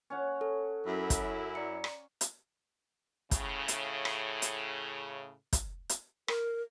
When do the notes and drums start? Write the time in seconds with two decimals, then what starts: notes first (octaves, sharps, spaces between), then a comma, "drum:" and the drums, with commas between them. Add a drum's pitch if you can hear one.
0.10 C#4 C#5 F#5
0.41 A4
0.86 F#2 E4
1.10 drum: kick, hi-hat
1.55 D5 A#5 C#7
1.84 drum: rim click
2.21 drum: hi-hat
3.31 A2 C#3, drum: kick, hi-hat
3.68 drum: hi-hat
4.05 drum: rim click
4.42 drum: hi-hat
5.53 drum: kick, hi-hat
5.89 drum: hi-hat
6.28 A#4, drum: rim click